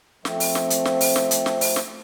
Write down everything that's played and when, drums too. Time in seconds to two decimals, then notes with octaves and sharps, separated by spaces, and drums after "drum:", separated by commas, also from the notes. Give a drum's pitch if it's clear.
0.25 F3 A3 C4, drum: snare
0.40 drum: open hi-hat
0.55 drum: snare
0.70 drum: hi-hat
0.85 drum: snare
1.01 drum: open hi-hat
1.16 drum: snare
1.31 drum: hi-hat
1.46 drum: snare
1.61 drum: open hi-hat
1.76 drum: snare